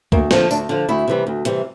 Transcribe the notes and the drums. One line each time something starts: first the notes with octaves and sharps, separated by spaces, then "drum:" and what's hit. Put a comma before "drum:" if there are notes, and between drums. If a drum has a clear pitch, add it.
D2 A#3, drum: kick
D3 F3 C4, drum: snare
D2 D4, drum: tambourine
D3 F3 F4
D2 E4
C3 E3 G3
D2
C3 E3 G3, drum: hi-hat